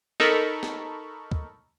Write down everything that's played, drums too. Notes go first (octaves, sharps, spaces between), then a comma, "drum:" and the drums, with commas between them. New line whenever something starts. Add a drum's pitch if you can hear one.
D#4 A4 A#4 B5 C#6, drum: snare
drum: snare
drum: kick